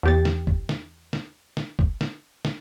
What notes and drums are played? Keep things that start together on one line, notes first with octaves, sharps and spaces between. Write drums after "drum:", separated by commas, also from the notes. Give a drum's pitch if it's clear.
E2 G4 A6
drum: snare
drum: kick
drum: snare
drum: snare
drum: snare
drum: kick
drum: snare
drum: snare